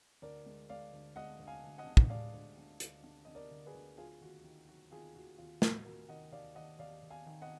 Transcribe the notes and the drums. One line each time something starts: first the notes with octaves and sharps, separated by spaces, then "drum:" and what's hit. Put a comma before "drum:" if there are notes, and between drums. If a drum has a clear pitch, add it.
D2 A#4 D5
G#3
G#3 D5 F5
D2
G#3 D#5 F#5
D2
F5 G#5
D2
D#5 F#5
D3
drum: kick
G#3 D5 F5
D2
D3
D2, drum: hi-hat
D3
D3 D#5
A#4 D5
D2
G#4 B4
D2
F#3 F4 G#4
D#2 F#4
D#3
F#3 F#4
D#3 F4 G#4
D#2 F#4
D#2 F4
D#2 F#4, drum: snare
D#2 F#4 A#4
D#3 D#5 F#5
D#2 D5 F5
D#2 D#5 F#5
D#2 D5 F5
D#2
F5 G#5
D#3
D#5 F#5